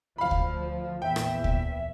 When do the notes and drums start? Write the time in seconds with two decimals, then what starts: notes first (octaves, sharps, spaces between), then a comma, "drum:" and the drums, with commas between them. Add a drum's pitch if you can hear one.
0.18 D2 F3 F5 B5
0.31 drum: kick D2
1.02 A#1 E2 E5 G5
1.16 drum: rim click
1.44 drum: kick D2